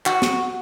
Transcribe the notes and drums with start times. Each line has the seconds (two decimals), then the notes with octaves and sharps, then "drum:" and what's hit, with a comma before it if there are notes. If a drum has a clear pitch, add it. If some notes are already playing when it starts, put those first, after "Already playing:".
0.06 F#4, drum: clap
0.22 drum: snare